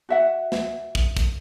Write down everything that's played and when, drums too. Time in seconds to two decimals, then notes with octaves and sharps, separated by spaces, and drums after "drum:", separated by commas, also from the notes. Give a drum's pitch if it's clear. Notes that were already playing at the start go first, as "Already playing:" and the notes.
0.09 F#4 E5 F#5
0.52 drum: snare
0.95 drum: kick
1.17 drum: kick, hi-hat